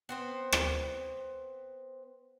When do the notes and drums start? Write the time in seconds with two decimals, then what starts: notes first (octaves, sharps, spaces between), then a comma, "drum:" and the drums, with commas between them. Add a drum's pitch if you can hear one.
0.09 B3 C4 C5
0.52 drum: rim click